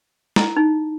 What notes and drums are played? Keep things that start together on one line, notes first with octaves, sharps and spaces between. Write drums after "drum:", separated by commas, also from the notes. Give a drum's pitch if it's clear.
E4, drum: snare
D#4